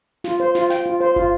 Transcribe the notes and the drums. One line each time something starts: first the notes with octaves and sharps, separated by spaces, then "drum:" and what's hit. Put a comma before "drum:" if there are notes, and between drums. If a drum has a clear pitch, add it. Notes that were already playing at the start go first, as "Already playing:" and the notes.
F4, drum: snare
C5, drum: hi-hat
F4, drum: snare
G5, drum: snare
F4, drum: hi-hat
C5, drum: hi-hat
F4, drum: kick, hi-hat